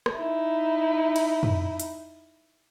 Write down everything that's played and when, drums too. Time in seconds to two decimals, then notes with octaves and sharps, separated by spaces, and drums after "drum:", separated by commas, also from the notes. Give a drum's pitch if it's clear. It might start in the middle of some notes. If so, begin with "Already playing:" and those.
0.06 drum: rim click
0.17 D#4 E4
1.16 drum: cymbal
1.43 drum: tom
1.80 drum: hi-hat